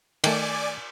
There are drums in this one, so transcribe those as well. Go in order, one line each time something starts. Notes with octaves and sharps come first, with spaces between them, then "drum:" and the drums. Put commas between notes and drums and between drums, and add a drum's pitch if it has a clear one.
D#3 A3 D5 G#5 D6, drum: cymbal